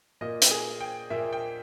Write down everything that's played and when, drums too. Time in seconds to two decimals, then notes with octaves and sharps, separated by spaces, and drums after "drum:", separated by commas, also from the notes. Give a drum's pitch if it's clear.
0.21 A#2 A#3 D#5
0.42 drum: hi-hat
0.51 G#4
0.81 G5
1.10 A#2 A#3 E5
1.33 G5